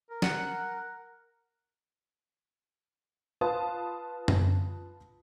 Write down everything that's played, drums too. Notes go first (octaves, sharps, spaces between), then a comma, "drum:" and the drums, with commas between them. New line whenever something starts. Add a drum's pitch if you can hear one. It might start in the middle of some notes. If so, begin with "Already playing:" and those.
A#4
F#5, drum: snare
F4 B4 F5 A5 C6 D#6
drum: tom F#2